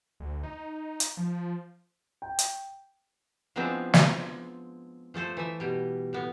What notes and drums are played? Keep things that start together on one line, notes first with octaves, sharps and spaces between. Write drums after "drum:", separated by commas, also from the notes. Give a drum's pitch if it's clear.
D2
D#4
drum: hi-hat
F3
G5
drum: hi-hat
F3 G#3 B3 C4 D4 E4
drum: snare
F3 A3 A4 C5
E3 E5
B2 G3
A2 B3